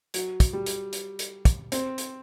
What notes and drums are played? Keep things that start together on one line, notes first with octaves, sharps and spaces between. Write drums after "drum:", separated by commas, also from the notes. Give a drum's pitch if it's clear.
F#3, drum: hi-hat
drum: kick, hi-hat
G3
drum: hi-hat
drum: hi-hat
drum: hi-hat
drum: kick, hi-hat
C4, drum: hi-hat
drum: hi-hat